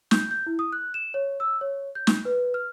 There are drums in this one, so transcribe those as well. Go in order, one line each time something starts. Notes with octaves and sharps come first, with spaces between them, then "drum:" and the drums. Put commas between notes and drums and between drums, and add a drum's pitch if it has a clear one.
G6, drum: snare
G6
E4
D#6
F#6
E7
C#5
E6
C#5
G6
drum: snare
B4
F6